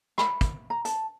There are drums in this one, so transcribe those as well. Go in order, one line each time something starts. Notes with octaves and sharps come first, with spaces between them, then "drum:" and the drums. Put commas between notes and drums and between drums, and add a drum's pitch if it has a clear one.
B5, drum: rim click
drum: kick, hi-hat
A#5
A5, drum: hi-hat